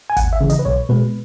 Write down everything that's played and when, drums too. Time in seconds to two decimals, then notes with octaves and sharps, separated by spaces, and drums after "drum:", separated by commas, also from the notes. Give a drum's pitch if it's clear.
0.10 G#5
0.17 D#2 F#5, drum: kick G#1, hi-hat
0.33 E5
0.41 C#3 E3
0.50 D#5, drum: hi-hat
0.59 B4
0.65 B1 C#5
0.89 B2 G#3 B4